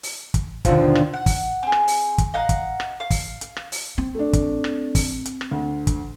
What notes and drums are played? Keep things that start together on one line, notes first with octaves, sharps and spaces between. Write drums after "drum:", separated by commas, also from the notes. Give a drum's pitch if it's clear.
drum: open hi-hat
drum: kick, hi-hat
D#2 B2 D3 F3, drum: kick, hi-hat
drum: rim click
F#5
drum: kick, open hi-hat
C4 G#4
drum: rim click
drum: open hi-hat
drum: kick, hi-hat
D#5 F5 F#5 A#5
drum: kick, hi-hat
drum: rim click
F5
drum: kick, open hi-hat
drum: hi-hat
drum: rim click
drum: open hi-hat
C4
A3 D4
drum: kick, hi-hat
drum: rim click
drum: kick, open hi-hat
drum: hi-hat
drum: rim click
D2
drum: kick, hi-hat